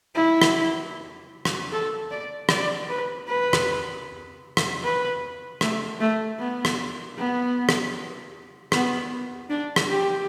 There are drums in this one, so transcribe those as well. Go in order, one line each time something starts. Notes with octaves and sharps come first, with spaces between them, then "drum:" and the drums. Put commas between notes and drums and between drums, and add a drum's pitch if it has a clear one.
E4
drum: rim click
drum: rim click
A4
D5
D5, drum: rim click
B4
B4
drum: rim click
drum: rim click
B4
A3, drum: rim click
A3
B3
drum: rim click
B3
drum: rim click
B3, drum: rim click
D4
drum: rim click
G4